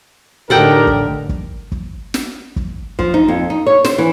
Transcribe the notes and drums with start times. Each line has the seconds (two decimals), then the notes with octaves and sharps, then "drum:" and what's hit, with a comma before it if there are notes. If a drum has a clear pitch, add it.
0.50 A2 D3 D#4 G4 A4 A#4 F#5 G5
0.87 drum: kick
1.29 drum: kick
1.72 drum: kick
2.14 drum: snare
2.56 drum: kick
2.99 F3, drum: kick
3.14 D#4
3.28 F2
3.50 D#4
3.67 C#5
3.84 C5, drum: snare
3.98 E3